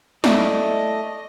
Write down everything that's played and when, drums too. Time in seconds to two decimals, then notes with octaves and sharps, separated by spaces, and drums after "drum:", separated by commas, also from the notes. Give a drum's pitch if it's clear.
0.24 A3 E4 D5 D#5, drum: snare